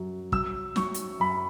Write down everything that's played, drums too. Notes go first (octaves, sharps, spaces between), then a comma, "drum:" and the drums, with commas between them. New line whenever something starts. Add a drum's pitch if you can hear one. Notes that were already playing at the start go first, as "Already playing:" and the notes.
Already playing: F#2 F#3
F#3 E6, drum: kick
F#3 C#6, drum: snare
drum: hi-hat
F#2 B5